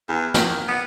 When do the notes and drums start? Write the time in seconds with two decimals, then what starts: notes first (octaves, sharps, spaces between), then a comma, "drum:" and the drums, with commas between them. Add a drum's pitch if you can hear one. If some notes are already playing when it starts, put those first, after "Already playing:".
0.09 E2
0.34 D#3, drum: snare
0.68 B3